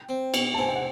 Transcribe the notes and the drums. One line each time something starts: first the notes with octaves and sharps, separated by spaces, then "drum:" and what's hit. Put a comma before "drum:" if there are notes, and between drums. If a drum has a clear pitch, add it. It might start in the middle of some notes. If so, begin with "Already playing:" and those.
Already playing: G5
C4
B2, drum: cymbal
A5
C4 G#5
G5
F#5